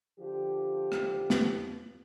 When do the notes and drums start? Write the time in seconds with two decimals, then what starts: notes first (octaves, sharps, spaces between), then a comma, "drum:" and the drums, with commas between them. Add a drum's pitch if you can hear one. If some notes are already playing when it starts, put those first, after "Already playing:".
0.18 D3 F3 G4
0.92 drum: rim click
1.30 drum: snare